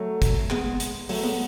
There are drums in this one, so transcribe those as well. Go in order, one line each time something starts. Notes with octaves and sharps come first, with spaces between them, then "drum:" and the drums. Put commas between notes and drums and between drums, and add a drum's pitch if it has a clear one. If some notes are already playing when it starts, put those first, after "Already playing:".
Already playing: F#3 A3
drum: kick, hi-hat
G#3 B3, drum: clap
drum: hi-hat
F#3 A3, drum: open hi-hat
G#3 B3